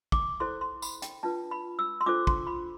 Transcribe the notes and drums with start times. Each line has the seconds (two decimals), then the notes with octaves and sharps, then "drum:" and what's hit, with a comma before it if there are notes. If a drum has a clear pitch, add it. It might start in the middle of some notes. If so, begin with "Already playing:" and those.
0.12 D6, drum: kick
0.40 E4 A4 C5 C6
0.61 C6
0.82 B5, drum: tambourine
1.02 G5, drum: hi-hat
1.23 D4 F4 B4 A5
1.51 B5
1.79 E6
2.01 C6
2.06 D4 F4 A4 C5 D6
2.27 C6, drum: kick
2.47 B5